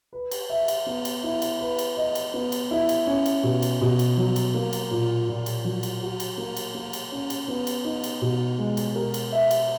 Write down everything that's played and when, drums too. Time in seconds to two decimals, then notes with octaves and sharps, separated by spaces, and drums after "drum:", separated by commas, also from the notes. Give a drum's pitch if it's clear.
0.13 B4
0.31 drum: cymbal
0.50 E5
0.68 drum: cymbal
0.86 B3
1.05 drum: cymbal
1.24 E4
1.42 drum: cymbal
1.61 B4
1.79 drum: cymbal
1.97 D#5
2.15 drum: cymbal
2.34 B3
2.52 drum: cymbal
2.71 E4
2.89 drum: cymbal
3.07 C#4
3.26 drum: cymbal
3.43 B2
3.62 drum: cymbal
3.81 B2
3.99 drum: cymbal
4.17 F#3
4.36 drum: cymbal
4.54 A#3
4.73 drum: cymbal
4.91 A#2
5.28 A#2
5.46 drum: cymbal
5.65 F#3
5.83 drum: cymbal
6.02 F#4
6.20 drum: cymbal
6.38 A#3
6.57 drum: cymbal
6.75 A#3
6.93 drum: cymbal
7.12 C#4
7.30 drum: cymbal
7.48 B3
7.67 drum: cymbal
7.85 D#4
8.04 drum: cymbal
8.22 B2
8.58 G#3
8.77 drum: cymbal
8.96 A#4
9.14 drum: cymbal
9.32 E5
9.51 drum: cymbal